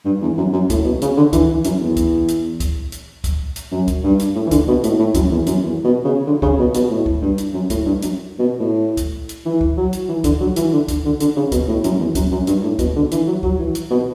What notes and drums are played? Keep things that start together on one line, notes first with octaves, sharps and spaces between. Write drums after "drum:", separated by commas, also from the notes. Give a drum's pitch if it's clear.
G2
E2
F#2
F#2
A2, drum: kick, hi-hat
B2
C#3, drum: hi-hat
D3
E3, drum: kick, hi-hat
E3
F#2, drum: hi-hat
E2
drum: kick, hi-hat
drum: hi-hat
drum: kick, hi-hat
drum: hi-hat
drum: kick, hi-hat
drum: hi-hat
F#2
drum: kick, hi-hat
G2
drum: hi-hat
A2
E3
D3, drum: kick, hi-hat
B2
A2, drum: hi-hat
A2
F#2, drum: kick, hi-hat
E2
F#2, drum: hi-hat
E2
B2
C#3
D3
C#3, drum: kick
B2
B2, drum: hi-hat
A2
drum: kick
G2
drum: hi-hat
F#2
A2, drum: kick, hi-hat
G2
F#2, drum: hi-hat
B2
A2
drum: kick, hi-hat
drum: hi-hat
E3
drum: kick
F#3
drum: hi-hat
E3
D3, drum: kick, hi-hat
F#3
E3, drum: hi-hat
D3
drum: kick, hi-hat
D3
D3, drum: hi-hat
C#3
B2, drum: kick, hi-hat
A2
F#2, drum: hi-hat
E2
F#2, drum: kick, hi-hat
F#2
G2, drum: hi-hat
A2
B2, drum: kick, hi-hat
D3
E3, drum: hi-hat
F#3
F#3, drum: kick
E3
drum: hi-hat
B2